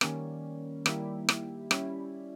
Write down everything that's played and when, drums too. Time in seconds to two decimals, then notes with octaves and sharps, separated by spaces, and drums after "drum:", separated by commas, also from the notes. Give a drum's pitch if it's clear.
0.01 D#3 G3 A#3 C#4, drum: rim click
0.86 D#3 G3 A#3 E4 G4, drum: rim click
1.29 drum: rim click
1.71 G3 C#4 E4, drum: rim click